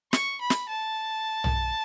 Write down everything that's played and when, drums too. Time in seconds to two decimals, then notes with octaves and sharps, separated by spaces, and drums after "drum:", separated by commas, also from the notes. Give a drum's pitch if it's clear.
0.13 C#6, drum: snare
0.41 B5
0.50 drum: snare
0.69 A5
1.44 drum: tom